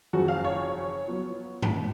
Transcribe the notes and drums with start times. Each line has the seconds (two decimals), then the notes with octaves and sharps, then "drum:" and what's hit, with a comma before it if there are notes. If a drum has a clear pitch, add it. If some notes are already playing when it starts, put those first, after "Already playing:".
0.13 F#1 F2 C#3 F#4
0.28 F5
0.44 C#5
1.08 F#3 B3 F4
1.62 drum: tom G2